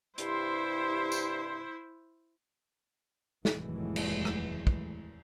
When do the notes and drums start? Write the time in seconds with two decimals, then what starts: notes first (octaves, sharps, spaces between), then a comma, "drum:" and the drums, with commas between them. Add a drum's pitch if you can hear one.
0.18 G2 C3 E4 C5 C6, drum: hi-hat
1.12 drum: tambourine
3.45 F1 D#2 A2 E3 F#3 G#3, drum: snare
3.96 drum: cymbal
4.25 drum: rim click
4.67 drum: kick